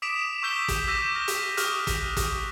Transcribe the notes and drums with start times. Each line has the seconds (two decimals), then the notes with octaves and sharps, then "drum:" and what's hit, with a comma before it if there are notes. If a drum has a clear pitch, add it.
0.02 D6 D#6 B6 D7 E7 F7
0.43 C#6 E6 G6 B6 G7
0.68 drum: kick, hi-hat
0.88 D6 E6 G6 A#6 D#7
1.14 D6 F6 A#6 F7
1.28 drum: hi-hat
1.57 C#6 D#6 F6 F#6, drum: hi-hat
1.87 drum: kick, hi-hat
2.17 drum: kick, hi-hat